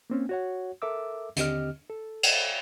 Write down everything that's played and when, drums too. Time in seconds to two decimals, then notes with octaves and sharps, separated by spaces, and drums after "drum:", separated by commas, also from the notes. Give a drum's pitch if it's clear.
0.10 A#3 C4 C#4
0.29 F#4 C#5 F#5
0.82 A4 A#4 E5 D6 E6
1.36 D#2 D3 C4 G4 D#5 F6, drum: hi-hat
1.90 A4
2.23 drum: cymbal